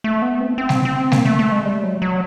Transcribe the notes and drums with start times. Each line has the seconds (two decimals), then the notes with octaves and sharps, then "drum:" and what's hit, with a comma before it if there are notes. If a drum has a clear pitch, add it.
0.04 A3
0.22 B3
0.40 C4
0.58 C4
0.69 drum: snare G3
0.85 C4
1.12 A#3, drum: snare G3
1.25 A3
1.39 A3
1.52 G#3
1.65 G3
1.83 F#3
2.02 F#3